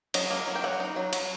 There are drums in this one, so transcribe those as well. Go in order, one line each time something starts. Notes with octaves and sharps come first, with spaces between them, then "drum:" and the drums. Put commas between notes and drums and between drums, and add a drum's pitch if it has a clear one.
F#3 D#5, drum: cymbal
A#3
F#3
G5
F#3 F#5
D#4
F#3
F#3, drum: cymbal